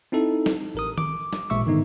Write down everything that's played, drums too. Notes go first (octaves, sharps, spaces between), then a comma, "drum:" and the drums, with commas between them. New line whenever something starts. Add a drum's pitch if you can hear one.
C4 D#4 E4 A4
drum: snare
A1 A#4 D#6
D6, drum: tom D#3
drum: snare
A1 A#2 G#3 E5 C#6 E6
G#2 D3 D#3 B3 D#4